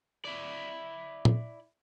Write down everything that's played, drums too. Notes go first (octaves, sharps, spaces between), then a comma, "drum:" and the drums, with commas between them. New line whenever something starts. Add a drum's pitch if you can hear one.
E4 D5
drum: tom